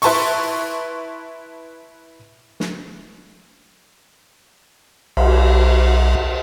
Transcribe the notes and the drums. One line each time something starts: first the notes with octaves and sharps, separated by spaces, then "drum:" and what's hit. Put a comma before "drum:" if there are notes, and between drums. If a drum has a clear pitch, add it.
E4 B4 A5 C6 C#6, drum: open hi-hat
drum: snare
B1, drum: cymbal